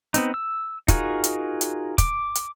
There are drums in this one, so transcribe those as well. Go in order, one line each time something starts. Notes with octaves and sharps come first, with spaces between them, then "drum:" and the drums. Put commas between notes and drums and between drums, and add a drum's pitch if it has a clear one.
B3 C4 D#4, drum: hi-hat
E6
D#4 F4 F#4 G#4 A#4, drum: kick, hi-hat
drum: hi-hat
drum: hi-hat
D6, drum: kick, hi-hat
drum: hi-hat